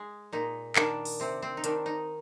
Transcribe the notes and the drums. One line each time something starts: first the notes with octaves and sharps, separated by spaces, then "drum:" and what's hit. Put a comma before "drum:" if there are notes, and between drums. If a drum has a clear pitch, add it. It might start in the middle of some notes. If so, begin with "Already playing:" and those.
Already playing: G#3
A#2 D#4
D#3 D4, drum: clap
drum: open hi-hat
C3 C4
C4
D#4
D#3 D4, drum: hi-hat
D#4